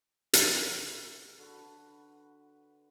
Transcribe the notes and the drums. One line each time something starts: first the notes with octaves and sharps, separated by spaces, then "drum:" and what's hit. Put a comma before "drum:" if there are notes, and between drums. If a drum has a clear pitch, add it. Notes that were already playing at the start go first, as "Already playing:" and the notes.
drum: hi-hat
D3 F#4 B4